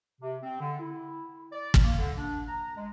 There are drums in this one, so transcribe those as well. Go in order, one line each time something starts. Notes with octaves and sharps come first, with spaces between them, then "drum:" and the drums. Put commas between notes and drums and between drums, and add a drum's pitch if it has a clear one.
C3
C4
D3
E4
D5
drum: kick
A#3
D3
D4
A#5
G#3